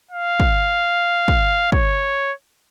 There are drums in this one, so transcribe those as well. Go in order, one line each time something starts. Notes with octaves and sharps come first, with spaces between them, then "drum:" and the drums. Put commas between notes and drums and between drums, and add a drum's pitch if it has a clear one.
F5
drum: kick
drum: kick
C#5, drum: kick